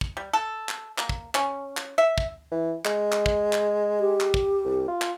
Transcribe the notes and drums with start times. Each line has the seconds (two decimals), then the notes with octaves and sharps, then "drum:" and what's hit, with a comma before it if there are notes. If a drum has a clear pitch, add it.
0.01 drum: kick
0.17 G3
0.33 A4
0.69 drum: clap
0.98 A#3, drum: clap
1.09 drum: kick
1.35 C#4, drum: clap
1.77 drum: clap
1.98 E5
2.18 drum: kick
2.52 E3
2.85 G#3, drum: clap
3.12 drum: clap
3.26 drum: kick
3.53 drum: clap
4.00 G4
4.20 drum: clap
4.34 drum: kick
4.65 C2
4.88 F4
5.02 drum: clap